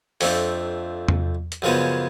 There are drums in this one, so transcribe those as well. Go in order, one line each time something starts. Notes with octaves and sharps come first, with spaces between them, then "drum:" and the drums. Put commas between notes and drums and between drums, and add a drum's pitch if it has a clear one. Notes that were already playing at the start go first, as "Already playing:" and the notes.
F2 F3 A3 D4, drum: open hi-hat
drum: tom E2
drum: hi-hat
F#2 C#3 F3 G#3 B3